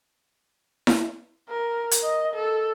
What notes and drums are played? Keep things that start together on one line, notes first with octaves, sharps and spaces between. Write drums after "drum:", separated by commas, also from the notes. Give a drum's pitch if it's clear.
drum: snare E4
A#4
drum: hi-hat
D#5
A4